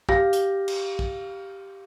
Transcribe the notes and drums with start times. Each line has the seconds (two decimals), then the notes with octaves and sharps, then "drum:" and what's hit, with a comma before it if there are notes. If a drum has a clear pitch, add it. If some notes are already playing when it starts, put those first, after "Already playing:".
0.09 G4 F5 A#6, drum: kick A#1
0.33 drum: hi-hat
0.68 drum: cymbal
0.99 drum: kick A#1